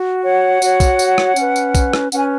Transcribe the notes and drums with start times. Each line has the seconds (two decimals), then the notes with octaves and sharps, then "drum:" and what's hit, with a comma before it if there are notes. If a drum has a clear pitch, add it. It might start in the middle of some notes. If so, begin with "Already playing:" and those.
Already playing: F#4
0.23 C#5 F#5
0.62 F#4 C#5, drum: tambourine
0.80 drum: kick, tambourine
0.99 drum: tambourine
1.18 drum: rim click
1.36 C#4 B4, drum: tambourine
1.56 drum: tambourine
1.75 drum: kick, tambourine
1.93 drum: rim click
2.12 C#4 B4 F#5, drum: tambourine
2.19 G#5